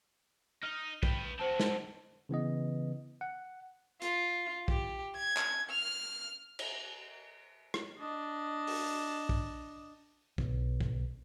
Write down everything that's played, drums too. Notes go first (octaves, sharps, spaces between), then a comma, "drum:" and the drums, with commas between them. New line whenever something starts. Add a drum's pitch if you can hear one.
D#4 D#5 F6
B4 G5, drum: kick
C4 F#4 C5 A5
drum: snare
C#3 E3 B3 D#5
F#5
F4, drum: hi-hat
G4, drum: kick
G#6
drum: clap
F6
drum: cymbal
drum: rim click
D4 D#5
drum: open hi-hat
drum: kick
B1, drum: kick
drum: kick